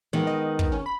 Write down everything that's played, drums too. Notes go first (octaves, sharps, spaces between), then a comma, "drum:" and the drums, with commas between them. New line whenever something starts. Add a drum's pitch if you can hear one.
D#3 E3 G#3 B3
D#5
drum: kick
C#4
B5